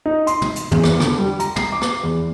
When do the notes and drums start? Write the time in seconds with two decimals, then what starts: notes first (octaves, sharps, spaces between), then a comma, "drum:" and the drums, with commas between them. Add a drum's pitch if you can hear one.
0.06 D#4
0.27 C6, drum: hi-hat
0.42 drum: tom
0.56 drum: hi-hat
0.71 E2, drum: tom
0.84 drum: rim click
1.00 D3, drum: rim click
1.18 G3
1.40 A#5, drum: hi-hat
1.56 C7, drum: tom
1.72 D6
1.82 drum: rim click
2.03 E2